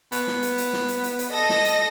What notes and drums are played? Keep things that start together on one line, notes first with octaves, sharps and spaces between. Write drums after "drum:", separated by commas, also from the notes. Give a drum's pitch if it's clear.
B3, drum: hi-hat
drum: snare
drum: hi-hat
drum: hi-hat
drum: snare
drum: hi-hat
drum: hi-hat
drum: hi-hat
A4 D#5 A#6
drum: snare
drum: hi-hat